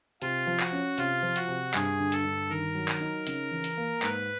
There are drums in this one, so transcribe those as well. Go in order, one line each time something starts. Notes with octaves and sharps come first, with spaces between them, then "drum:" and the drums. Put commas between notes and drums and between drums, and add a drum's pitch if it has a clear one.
C3 F4, drum: hi-hat
F3
F#4, drum: clap
C#4
C3 F4, drum: hi-hat
F3
F#4, drum: hi-hat
C3
G2 G#4, drum: clap
D3
A4, drum: hi-hat
G2
D#3 A#4
F#3
drum: clap
D#4
C#3, drum: hi-hat
E3
drum: hi-hat
A#3
G#2 B4, drum: clap